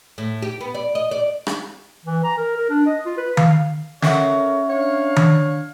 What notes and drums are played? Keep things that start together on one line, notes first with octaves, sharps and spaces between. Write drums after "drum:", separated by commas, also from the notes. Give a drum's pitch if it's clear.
A2
G4
B3
D5
D#5
D5
drum: rim click
E3
A#5
A#4
A#4
D4
D#5
F4
B4
F5, drum: tom D#3
C#4 A4 A#4 C#5 E5 F#5, drum: snare
D4 C#5 F5
drum: tom D#3